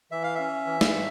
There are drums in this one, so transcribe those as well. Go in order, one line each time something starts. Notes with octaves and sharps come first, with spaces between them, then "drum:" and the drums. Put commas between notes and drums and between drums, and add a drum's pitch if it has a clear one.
E3 E5
F5
C#4 E5
E3
drum: snare
A2